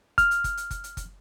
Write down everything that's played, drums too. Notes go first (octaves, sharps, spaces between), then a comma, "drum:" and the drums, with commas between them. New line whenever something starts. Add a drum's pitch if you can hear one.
F6, drum: kick F#1, hi-hat
drum: hi-hat
drum: kick F#1, hi-hat
drum: hi-hat
drum: kick F#1, hi-hat
drum: hi-hat
drum: kick F#1, hi-hat